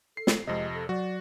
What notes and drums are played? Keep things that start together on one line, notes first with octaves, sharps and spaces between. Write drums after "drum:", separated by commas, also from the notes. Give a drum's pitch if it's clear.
A4 C7
drum: snare
F2 C3 G#3 D#5 A#6
A4
F#3 F#4 D5